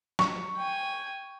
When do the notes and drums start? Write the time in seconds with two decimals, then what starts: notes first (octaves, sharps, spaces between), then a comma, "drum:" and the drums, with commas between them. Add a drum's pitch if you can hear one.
0.19 C#6, drum: snare
0.56 G5 G#5